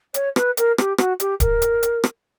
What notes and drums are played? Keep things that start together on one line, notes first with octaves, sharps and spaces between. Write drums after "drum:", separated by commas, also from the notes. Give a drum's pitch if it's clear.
C#5, drum: hi-hat
B4, drum: rim click
A#4, drum: hi-hat
G4, drum: rim click
F#4, drum: rim click
G4, drum: hi-hat
A#4, drum: kick D1, hi-hat
drum: hi-hat
drum: hi-hat
drum: rim click